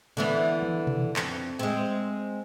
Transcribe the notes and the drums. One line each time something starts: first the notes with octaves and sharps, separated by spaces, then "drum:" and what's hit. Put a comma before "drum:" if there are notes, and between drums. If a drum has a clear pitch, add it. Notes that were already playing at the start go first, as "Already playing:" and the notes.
D3 E3 B3
drum: tom E3
drum: tom B2
F2, drum: clap
G#3 C4